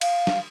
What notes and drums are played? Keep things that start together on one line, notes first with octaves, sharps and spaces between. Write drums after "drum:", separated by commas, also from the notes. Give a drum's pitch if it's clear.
F5, drum: cymbal
drum: snare